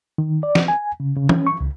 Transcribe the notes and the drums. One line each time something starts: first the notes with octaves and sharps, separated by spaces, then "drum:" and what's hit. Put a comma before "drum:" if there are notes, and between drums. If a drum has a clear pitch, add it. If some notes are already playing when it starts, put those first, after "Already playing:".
D#3
D5
drum: snare
G#5
C#3
C#3
C#4, drum: tom
C#6
C#2